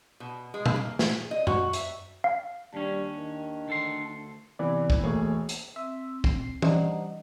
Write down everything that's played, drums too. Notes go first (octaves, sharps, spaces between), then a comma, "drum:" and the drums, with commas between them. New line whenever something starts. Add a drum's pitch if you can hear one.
B2
G#3
drum: tom B2
A#3
G#4, drum: snare
D#5
F#4, drum: tom F#2
E5, drum: hi-hat
F5
D#2 G3 C#4 D4
D#3
D2 A4 C6
C3 E3 B3 D5
drum: kick
E1 A3 A#3 G#4 C#5
drum: hi-hat
C4 E5
C7, drum: kick
G3 D4 D#4 C5 F#5, drum: tom E3